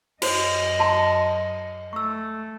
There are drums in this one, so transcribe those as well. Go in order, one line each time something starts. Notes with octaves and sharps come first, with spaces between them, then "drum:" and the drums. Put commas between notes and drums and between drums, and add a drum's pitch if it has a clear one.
F#2 F#4 C5 C#5 D#5, drum: cymbal
F#4 A5 C6
A3 C#6 E6